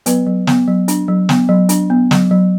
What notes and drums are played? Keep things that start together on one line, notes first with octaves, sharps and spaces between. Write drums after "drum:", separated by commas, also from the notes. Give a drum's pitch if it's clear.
F#3 B3 B4, drum: hi-hat
F#3
B3, drum: snare
F#3
D4, drum: hi-hat
F#3
B3, drum: snare
F#3
D4, drum: hi-hat
B3
F#3, drum: snare
F#3